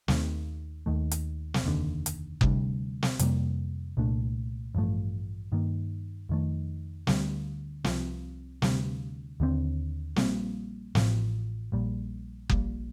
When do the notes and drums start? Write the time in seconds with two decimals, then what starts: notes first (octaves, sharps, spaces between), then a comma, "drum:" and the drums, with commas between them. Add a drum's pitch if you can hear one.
0.08 D#2 D#3 A3, drum: snare
0.86 D#2 D#3 A3
1.11 drum: hi-hat
1.54 drum: snare
1.64 F1 D#2 D3
2.06 drum: hi-hat
2.41 D2 C3 G3 D4, drum: kick F#1
3.03 drum: snare
3.19 F2 C3 G3 A#3, drum: hi-hat
3.97 C2 A#2 A3 D4
4.75 A1 G2 F3 A3
5.52 G2 D#3 A#3
6.29 F2 D#3 A3
7.07 D2 D3 G3, drum: snare
7.84 C2 C3 F3 C4, drum: snare
8.62 D2 C3 G3, drum: snare
9.40 D#2 D3 G3 C4
10.16 A#1 A#2 G3 C4, drum: snare
10.95 A1 A2 F3, drum: snare
11.72 A#1 A#2 G3
12.49 A#1 A#2 G3, drum: kick F#1